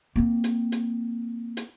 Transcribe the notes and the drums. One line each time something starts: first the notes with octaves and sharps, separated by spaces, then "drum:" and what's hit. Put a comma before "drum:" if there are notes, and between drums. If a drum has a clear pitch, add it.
A#3 C4
drum: hi-hat
drum: hi-hat
drum: hi-hat